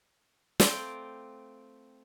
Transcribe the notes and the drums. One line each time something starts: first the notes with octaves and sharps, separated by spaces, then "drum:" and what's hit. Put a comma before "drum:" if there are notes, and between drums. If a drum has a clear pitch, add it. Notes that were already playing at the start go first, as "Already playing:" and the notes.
A3 C4 F4 D5 F5 G5, drum: snare